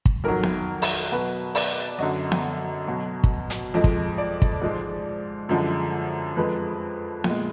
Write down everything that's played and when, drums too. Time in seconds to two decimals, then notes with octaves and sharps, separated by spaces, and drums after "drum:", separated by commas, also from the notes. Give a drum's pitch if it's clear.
0.05 drum: kick
0.24 F2 D#3 F#3 A#4
0.43 drum: snare B3
0.82 drum: open hi-hat
1.12 B2 F#3 B4
1.55 D5, drum: open hi-hat
1.99 F#2 D3 F#3 D#5
2.32 drum: snare B3
2.87 B2 F#3
3.24 drum: kick
3.50 drum: hi-hat
3.74 F2 F3 G#3 D#5
3.84 drum: kick
4.18 D5
4.42 drum: kick
4.61 G#2 F3 G#3
5.49 F#2 D3 F3 G#3
6.37 F2 F3 G#3 B4
7.24 A#2, drum: snare B3
7.29 G#3